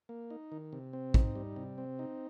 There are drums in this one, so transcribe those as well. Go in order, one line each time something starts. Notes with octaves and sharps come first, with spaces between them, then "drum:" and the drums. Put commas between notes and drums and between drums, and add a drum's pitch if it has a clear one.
A#3
D#4
D#3
C3
C4
D#4, drum: kick
G3
C3
C4
D#4